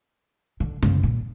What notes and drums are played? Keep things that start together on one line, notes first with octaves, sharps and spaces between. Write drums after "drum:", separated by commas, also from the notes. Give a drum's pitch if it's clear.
D3
C#3, drum: tom F#2
A#2